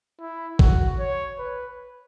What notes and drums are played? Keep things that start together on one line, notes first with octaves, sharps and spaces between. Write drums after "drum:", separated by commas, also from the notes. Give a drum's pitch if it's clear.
E4
F#4, drum: kick
C#5
B4